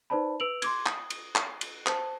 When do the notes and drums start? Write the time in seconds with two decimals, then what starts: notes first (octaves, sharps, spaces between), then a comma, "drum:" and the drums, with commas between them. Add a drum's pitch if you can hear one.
0.10 D#4 B4 C5 D5 A5 B5
0.40 B4 E6 D7 F7 F#7
0.62 C6 D6 G#6, drum: cymbal
0.86 D#6, drum: clap
1.10 drum: cymbal
1.36 drum: clap
1.61 drum: cymbal
1.86 C5 A5, drum: clap